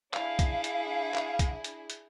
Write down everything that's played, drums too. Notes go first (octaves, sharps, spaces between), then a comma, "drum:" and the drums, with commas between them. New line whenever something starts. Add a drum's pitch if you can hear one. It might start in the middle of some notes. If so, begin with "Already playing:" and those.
D4 E4 G#4 F5, drum: clap
drum: kick, hi-hat
drum: hi-hat
drum: clap
drum: kick, hi-hat
drum: hi-hat
drum: hi-hat